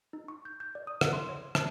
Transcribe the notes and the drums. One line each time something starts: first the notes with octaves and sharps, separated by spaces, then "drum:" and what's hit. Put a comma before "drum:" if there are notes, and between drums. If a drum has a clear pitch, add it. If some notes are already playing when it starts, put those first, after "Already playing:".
D#4
C#6
G6
G6
D5
D#6
F#5, drum: rim click
C6
C#5
A5, drum: rim click